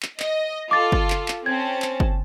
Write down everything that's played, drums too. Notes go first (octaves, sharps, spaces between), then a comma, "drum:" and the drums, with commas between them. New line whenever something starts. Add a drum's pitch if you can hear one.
drum: clap
D#5, drum: clap
F4 A4 D6 A6
drum: kick
drum: clap
drum: clap
C4 C#4 A5 G#6
drum: clap
drum: kick